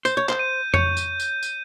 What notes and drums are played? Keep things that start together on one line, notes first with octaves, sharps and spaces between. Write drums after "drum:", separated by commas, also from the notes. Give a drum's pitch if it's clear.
C5 G6, drum: tambourine
C#5
C5, drum: clap
D#7
C#5 G6, drum: tom F2
drum: tambourine
drum: tambourine
drum: tambourine